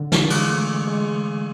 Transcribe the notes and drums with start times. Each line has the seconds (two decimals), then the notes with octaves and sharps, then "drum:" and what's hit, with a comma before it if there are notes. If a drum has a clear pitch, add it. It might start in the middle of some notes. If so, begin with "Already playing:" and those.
Already playing: D3
0.12 E3, drum: snare
0.30 G#3, drum: cymbal
0.49 A3
0.87 G#3